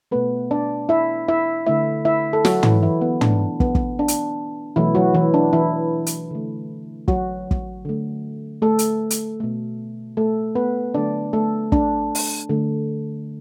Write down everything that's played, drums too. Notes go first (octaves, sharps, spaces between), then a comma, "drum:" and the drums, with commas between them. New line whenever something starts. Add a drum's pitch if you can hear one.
B2 A3 B3 B4
D4 D5
E4 E5
E4 E5
D3 A3 E4 E5
E4 E5
A4
F#3 F#4, drum: snare
E3 E4, drum: tom
E3 E4
B3
B2 A3 D4, drum: tom
B3, drum: kick
drum: kick
D4
drum: hi-hat
B2 E3 F#3 A3 E4
F#3 F#4
E3 E4
D4
E3 E4
drum: hi-hat
D3 A3
F#3 F#4, drum: kick
drum: kick
D3 A3
A3 A4
drum: hi-hat
drum: hi-hat
B2 A3
A3 A4
B3 B4
D3 F#3 A3 D4 D5
A3 A4
D4, drum: kick
drum: open hi-hat
D3 A3